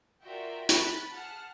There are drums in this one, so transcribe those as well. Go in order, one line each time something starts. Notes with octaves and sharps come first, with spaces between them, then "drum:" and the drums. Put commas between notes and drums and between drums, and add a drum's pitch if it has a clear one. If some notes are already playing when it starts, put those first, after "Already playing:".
F4 F#4 A#4 D5 E5 G5
B5 F#6 A6 B6, drum: hi-hat
G#4 F#5 A5 F6